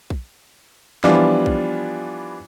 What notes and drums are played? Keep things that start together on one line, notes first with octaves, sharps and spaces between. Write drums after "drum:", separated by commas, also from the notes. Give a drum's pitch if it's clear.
drum: kick A#1
E3 F3 G3 B3 D4 F4, drum: snare
drum: kick A#1